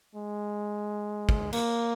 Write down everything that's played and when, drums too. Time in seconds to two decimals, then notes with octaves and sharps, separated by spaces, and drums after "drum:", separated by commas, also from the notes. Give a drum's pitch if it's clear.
0.15 G#3
1.29 drum: kick
1.53 A#3, drum: cymbal